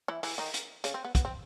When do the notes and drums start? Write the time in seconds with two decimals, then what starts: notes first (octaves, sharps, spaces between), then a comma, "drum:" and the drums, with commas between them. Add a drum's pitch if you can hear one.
0.08 E3 E4
0.23 E3 E4, drum: open hi-hat
0.38 D#3 D#4
0.54 drum: hi-hat
0.84 C#3 C#4, drum: hi-hat
0.94 C4
1.05 B3
1.15 B3, drum: kick, hi-hat
1.25 C4